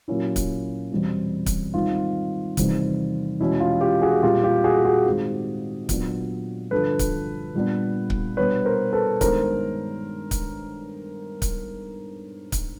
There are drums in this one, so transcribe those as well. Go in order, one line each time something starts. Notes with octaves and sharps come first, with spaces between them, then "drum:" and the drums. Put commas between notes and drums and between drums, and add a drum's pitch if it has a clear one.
A#2 F#3 A#3 C#4 E4
drum: kick C#1, hi-hat
E2 B2 G3 C4
drum: kick C#1, hi-hat
G#2 D#3 G3 C4 F4
E2 C3 D#3 G3 C4, drum: kick C#1, hi-hat
E2 B2 G#3 C#4 E4
F4
F4 G4
F#4 G#4
A#2 G3 C4 F4 G4
F4 G4
F#4 G#4
F#4 G#4
G#2 D#3 G#3 C4
A#2 F#3 B3 D4, drum: kick C#1, hi-hat
G2 D3 F3 A4 B4
drum: kick C#1, hi-hat
A#2 G3 B3 D4
drum: kick C#1
B2 G3 B3 D4 B4 C#5
A#4 C5
A4 B4
G2 D#3 G#3 B3 A#4 C5, drum: kick C#1, hi-hat
drum: kick C#1, hi-hat
drum: kick C#1, hi-hat
drum: kick C#1, hi-hat